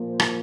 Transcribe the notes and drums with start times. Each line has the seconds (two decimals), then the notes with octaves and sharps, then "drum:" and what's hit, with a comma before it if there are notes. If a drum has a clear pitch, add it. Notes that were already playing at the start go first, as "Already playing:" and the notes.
Already playing: A#2 F3 A#3
0.08 C5
0.20 drum: rim click